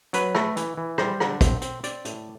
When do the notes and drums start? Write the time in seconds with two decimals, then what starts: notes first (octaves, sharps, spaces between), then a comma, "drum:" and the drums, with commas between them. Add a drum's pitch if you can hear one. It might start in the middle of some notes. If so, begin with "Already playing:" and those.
0.13 F#3 B4, drum: hi-hat
0.35 A3, drum: rim click
0.57 E3, drum: hi-hat
0.77 E3
0.98 G3 C5, drum: rim click
1.20 D3, drum: rim click
1.41 C4, drum: kick, hi-hat
1.62 C4, drum: hi-hat
1.83 C4 D5, drum: hi-hat
2.05 A2, drum: hi-hat